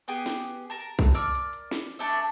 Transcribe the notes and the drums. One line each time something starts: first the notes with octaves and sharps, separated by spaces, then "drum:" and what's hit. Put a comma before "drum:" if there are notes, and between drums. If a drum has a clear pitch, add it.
B3 G4 G#4
drum: snare
drum: hi-hat
A#4 A5
drum: hi-hat
drum: kick B1, hi-hat
A#4 D5 D6 E6, drum: hi-hat
drum: hi-hat
drum: hi-hat
drum: snare
A3 D4 D5 E5